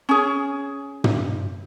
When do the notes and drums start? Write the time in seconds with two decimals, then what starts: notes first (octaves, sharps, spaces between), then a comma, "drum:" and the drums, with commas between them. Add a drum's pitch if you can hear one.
0.09 C#4 G#4
1.04 drum: tom